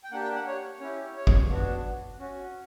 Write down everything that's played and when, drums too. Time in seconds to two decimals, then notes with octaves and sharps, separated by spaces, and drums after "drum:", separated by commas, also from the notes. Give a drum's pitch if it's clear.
0.04 G5
0.11 A#3 D4 G4 F#5
0.23 G5
0.35 F#5
0.46 C#5
0.80 C#4 E4 G4 C#5
1.16 C#5
1.27 drum: kick G#1
1.50 B3 D4 F#4
2.19 C#4 F#4